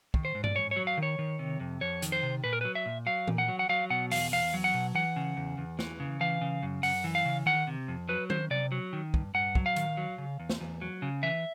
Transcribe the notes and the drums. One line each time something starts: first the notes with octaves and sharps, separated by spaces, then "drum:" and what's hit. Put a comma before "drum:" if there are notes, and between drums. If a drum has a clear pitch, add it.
D#3, drum: kick
C5
G#2
D5, drum: tom G2
G#2 C#5
F#3 C#5
F5
D#3
C#5
D#3
C3
F2
F2 C#5
D#3, drum: hi-hat
C5
C3
A#2 B4
A#4
F#3 B4
E5
A#2
F#3 F5
A#2, drum: tom E3
F#5
F#3
F#5
F#3 F5
B2 F#5
E2 F5, drum: open hi-hat
E2 F5
F#3
F#5
B2
E3 F#5
C#3
E2
E2
E3, drum: snare
C#3
E3 F5
C#3
F#2
F#2 F#5, drum: open hi-hat
E3
F5
C#3
D#3 F#5
C3
F2
F#3 B4
D#3 C5, drum: tom F#3
C3 D5
F#3
D#3
G2, drum: kick
G2 F#5
F#3, drum: kick
F5
D#3, drum: hi-hat
F#3
C#3
E2
drum: snare
E2
F#3
C#3
E3 E5